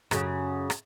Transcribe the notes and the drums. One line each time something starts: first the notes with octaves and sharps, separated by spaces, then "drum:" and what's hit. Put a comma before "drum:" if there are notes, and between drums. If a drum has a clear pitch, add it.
F#2 C#3, drum: rim click
drum: rim click